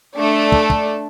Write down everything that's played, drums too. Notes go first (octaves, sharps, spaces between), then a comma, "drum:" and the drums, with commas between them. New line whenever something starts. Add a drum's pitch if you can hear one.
A3 D4 A4 D5
drum: kick
drum: kick